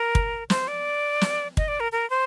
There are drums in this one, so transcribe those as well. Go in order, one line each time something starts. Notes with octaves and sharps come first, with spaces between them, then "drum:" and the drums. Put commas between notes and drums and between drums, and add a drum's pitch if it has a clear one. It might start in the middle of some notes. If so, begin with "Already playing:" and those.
Already playing: A#4
drum: kick
C5, drum: snare
D5
drum: snare
D#5, drum: kick
D5
A#4
A#4
C5